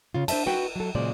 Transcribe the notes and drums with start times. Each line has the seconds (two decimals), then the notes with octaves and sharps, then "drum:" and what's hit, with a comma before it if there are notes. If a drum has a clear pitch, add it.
0.14 C#3 F4
0.28 D4 C5 D5 E5 A5, drum: cymbal
0.46 F#4 B4 F#5 G5, drum: snare
0.76 F#3 A4
0.95 A#2 C#3 F#3 G#3 C5 D5